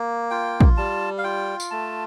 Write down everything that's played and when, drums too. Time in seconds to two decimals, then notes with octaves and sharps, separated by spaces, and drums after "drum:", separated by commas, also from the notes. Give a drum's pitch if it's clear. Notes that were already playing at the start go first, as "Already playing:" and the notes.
Already playing: A#3
0.31 F4 G5
0.60 drum: kick
0.77 G3 A5
1.18 F5
1.24 F4 G5
1.60 drum: tambourine
1.71 A3 A5